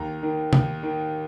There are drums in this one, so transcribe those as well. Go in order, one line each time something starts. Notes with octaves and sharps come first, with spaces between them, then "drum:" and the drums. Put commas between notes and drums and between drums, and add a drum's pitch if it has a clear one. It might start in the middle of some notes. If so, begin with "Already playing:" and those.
Already playing: D#2 A#5
D#3
D#2, drum: tom
D#3